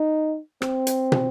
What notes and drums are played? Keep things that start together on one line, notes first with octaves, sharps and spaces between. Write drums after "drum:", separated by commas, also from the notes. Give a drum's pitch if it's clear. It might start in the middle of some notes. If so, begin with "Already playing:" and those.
Already playing: D#4
C4, drum: rim click
drum: hi-hat
drum: tom